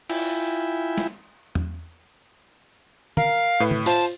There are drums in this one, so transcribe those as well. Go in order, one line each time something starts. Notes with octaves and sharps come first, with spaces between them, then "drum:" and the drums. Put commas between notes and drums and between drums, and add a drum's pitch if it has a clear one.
E4 F4 E5 G5 G#5 B5, drum: cymbal
drum: snare
drum: tom
A#4 F5, drum: tom
A2 B4
drum: tom
F4 C5 A5, drum: open hi-hat